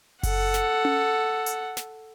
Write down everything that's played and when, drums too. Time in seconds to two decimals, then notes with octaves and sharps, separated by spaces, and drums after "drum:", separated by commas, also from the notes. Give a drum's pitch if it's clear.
0.23 A4 F#5, drum: kick F#1, open hi-hat
0.54 drum: snare
0.85 drum: tom C#4
1.46 drum: hi-hat
1.77 drum: snare